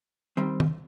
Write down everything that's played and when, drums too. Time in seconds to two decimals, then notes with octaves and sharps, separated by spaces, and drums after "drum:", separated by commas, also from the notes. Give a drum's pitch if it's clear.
0.37 D#3 G3 C4
0.60 drum: tom